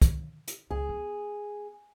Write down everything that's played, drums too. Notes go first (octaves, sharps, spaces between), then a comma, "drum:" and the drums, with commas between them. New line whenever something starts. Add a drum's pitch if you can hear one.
drum: kick, hi-hat
drum: hi-hat
C#2 G#4
B3